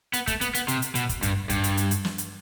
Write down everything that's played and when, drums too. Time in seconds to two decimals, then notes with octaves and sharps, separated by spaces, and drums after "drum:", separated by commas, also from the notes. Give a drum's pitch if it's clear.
0.13 B3, drum: hi-hat
0.27 A3, drum: kick, hi-hat
0.41 B3, drum: hi-hat
0.55 B3, drum: hi-hat
0.68 C3, drum: hi-hat
0.82 drum: hi-hat
0.95 B2, drum: hi-hat
1.09 drum: kick, hi-hat
1.23 G2, drum: kick, hi-hat
1.50 G2, drum: kick, hi-hat
1.64 drum: hi-hat
1.77 drum: hi-hat
1.91 drum: hi-hat
2.05 drum: snare
2.18 drum: hi-hat